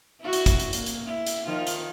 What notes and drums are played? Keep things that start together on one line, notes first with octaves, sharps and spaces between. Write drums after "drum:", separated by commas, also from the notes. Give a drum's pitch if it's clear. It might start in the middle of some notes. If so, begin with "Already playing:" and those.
E4 F#4
drum: hi-hat
drum: kick, hi-hat
drum: hi-hat
A#3, drum: hi-hat
drum: hi-hat
E4
drum: hi-hat
D#3 F3 F4
drum: hi-hat